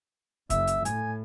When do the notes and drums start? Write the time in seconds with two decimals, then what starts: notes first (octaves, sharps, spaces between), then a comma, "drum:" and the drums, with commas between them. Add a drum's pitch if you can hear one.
0.50 F#1 E5, drum: kick, hi-hat
0.67 drum: hi-hat
0.85 A2 G#5, drum: hi-hat